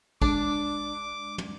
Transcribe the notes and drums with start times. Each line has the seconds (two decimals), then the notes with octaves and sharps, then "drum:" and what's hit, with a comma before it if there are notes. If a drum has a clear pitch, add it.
0.22 G#3 D4 D6, drum: kick A1
1.38 drum: tom